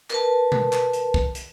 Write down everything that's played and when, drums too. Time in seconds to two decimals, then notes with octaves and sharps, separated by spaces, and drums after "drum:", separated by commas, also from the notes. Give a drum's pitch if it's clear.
0.10 A#4 B4 A5, drum: clap
0.52 drum: tom B2
0.73 drum: clap
0.93 drum: hi-hat
1.14 drum: kick
1.35 drum: hi-hat